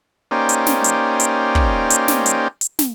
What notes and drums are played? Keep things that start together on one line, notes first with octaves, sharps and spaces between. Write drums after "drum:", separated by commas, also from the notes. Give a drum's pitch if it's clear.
A#3 C#4 D#4 G4 C5 D5
drum: hi-hat
drum: snare
drum: hi-hat
drum: hi-hat
drum: kick
drum: hi-hat
drum: snare
drum: hi-hat
drum: hi-hat
drum: snare